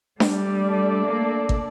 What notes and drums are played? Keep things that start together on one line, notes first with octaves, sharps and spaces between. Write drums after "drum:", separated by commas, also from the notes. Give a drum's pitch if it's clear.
G3 A3 D4 A4 D5, drum: snare D4
A#3
drum: kick